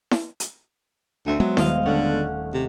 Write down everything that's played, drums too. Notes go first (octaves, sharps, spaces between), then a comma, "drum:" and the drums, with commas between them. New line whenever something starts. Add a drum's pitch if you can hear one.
drum: snare E4
drum: hi-hat
D2 C4 E5 D#7
F#3 G#3 B3
D#1 D#5 F5, drum: snare E4
D3 A3 C#4 F#5
C3